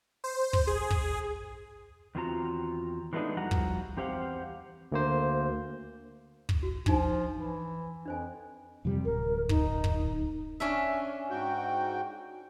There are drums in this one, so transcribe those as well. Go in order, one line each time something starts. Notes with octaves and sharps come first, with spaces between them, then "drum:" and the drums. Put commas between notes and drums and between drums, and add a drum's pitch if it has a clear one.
C5
drum: kick
G#4
drum: kick
E2 D#3 C4 F4 F#4 A#5
E3 G#3 A3 B3 D4 D#4
F2 F3 G3 F#4 F#5 A#5
drum: kick
E2 C4 G4 C5 F5 F#5
D2 A#3 C5
drum: kick
F#4
F3 D4 D#4 G#5, drum: kick
E3
F2 D4 C5 G#5
F2 C3 G3
D1 A#4
D#4, drum: kick
drum: kick
C#4 D4 E5
G#2 F#4 G5